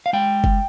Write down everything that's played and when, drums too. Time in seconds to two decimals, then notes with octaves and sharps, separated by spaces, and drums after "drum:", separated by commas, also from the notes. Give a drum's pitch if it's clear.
0.06 F5
0.13 G#3 G5
0.44 drum: kick F#1